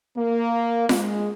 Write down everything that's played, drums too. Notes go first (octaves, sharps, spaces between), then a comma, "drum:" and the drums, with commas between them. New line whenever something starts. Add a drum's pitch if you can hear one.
A#3
G#3, drum: snare F4